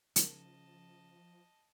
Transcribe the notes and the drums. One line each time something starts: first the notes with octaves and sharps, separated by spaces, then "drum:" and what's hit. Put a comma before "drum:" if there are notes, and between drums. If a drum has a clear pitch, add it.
C#3 F3 D#4 A#4 D#5 A5, drum: hi-hat